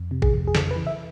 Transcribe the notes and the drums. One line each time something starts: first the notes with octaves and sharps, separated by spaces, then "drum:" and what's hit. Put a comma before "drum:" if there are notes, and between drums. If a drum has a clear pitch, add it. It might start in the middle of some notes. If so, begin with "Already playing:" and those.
Already playing: F2
C3
G#4, drum: kick A1
F2
G#4
C#3 A4, drum: snare
B4
E3
E5